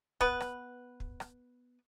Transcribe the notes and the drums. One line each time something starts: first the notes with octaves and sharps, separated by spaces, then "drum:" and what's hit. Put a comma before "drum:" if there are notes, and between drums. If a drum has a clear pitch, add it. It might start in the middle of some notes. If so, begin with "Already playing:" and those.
B3 B4, drum: kick
drum: rim click
drum: kick
drum: rim click